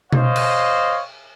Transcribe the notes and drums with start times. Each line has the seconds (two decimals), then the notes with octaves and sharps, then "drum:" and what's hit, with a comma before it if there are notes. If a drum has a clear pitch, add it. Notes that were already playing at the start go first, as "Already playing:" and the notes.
0.13 C5 C#5 D#5 F5, drum: tom B2
0.36 drum: cymbal